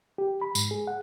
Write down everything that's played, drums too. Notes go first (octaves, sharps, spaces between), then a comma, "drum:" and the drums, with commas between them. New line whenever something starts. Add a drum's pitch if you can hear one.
G4
B5
G#2, drum: tambourine
G#4
F#5